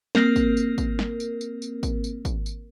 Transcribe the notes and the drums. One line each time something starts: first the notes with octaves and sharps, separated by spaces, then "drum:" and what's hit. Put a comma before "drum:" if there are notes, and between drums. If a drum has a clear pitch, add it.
A#3 C4 A#4, drum: snare
drum: kick, tambourine
drum: tambourine
drum: kick, tambourine
drum: snare
drum: tambourine
drum: tambourine
drum: tambourine
drum: kick, tambourine
drum: tambourine
drum: kick, tambourine
drum: tambourine